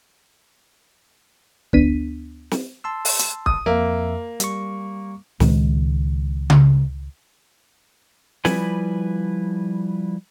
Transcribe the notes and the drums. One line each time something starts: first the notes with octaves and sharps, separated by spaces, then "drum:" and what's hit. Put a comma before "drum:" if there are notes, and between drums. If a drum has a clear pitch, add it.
D2 B3 D4 B6 D#7, drum: kick
drum: snare
A5 C6 E6
drum: open hi-hat
drum: hi-hat
D#6, drum: kick
F2 A#3 E5
G3 C#6, drum: hi-hat
C#2 A#2 D#3 G#3, drum: snare
drum: tom C#3
F3 G3 E4 B4 G#5, drum: snare